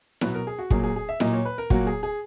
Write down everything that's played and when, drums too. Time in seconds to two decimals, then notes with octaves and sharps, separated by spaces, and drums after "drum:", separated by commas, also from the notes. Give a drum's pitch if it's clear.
0.21 B2 F#3 B3 B4, drum: snare E4
0.35 A#4
0.47 G#4
0.59 F#4
0.70 A#2 F#3 A#3 G#4, drum: kick
0.84 G#4
0.96 G#4
1.09 E5
1.20 A#2 F#3 A#3 D#5, drum: snare E4
1.33 C#5
1.45 B4
1.58 A#4
1.70 A#2 F#3 A#3 F#4, drum: kick
1.87 G#4
2.03 G#4